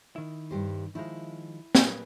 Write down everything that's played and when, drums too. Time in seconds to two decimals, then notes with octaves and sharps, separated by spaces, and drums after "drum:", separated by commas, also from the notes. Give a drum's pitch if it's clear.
0.16 D#3 E4
0.51 G2 G4 C5
0.95 D#3 F3 G#3 E4
1.75 A#4 B4, drum: snare